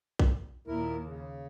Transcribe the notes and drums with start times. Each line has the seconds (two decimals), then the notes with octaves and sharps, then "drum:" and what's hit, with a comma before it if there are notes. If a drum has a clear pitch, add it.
0.19 drum: kick A#1
0.68 D#2 A#2 E4 A#4
1.04 C#3